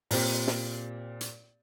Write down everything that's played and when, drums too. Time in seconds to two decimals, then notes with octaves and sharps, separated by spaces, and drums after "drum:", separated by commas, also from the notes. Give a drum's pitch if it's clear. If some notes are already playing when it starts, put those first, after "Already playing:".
0.11 A#2 C4 G4, drum: open hi-hat
0.47 drum: snare
1.21 drum: hi-hat